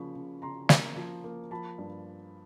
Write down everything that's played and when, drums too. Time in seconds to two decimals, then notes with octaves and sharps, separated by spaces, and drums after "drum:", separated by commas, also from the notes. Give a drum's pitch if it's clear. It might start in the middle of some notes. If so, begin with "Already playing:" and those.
Already playing: C#3 F3 A#3 B5 C#6
0.16 C#3
0.42 C#3 A#5 C6
0.69 A#3, drum: snare
0.96 F3
1.24 A#3
1.51 F3 A5 B5
1.78 G2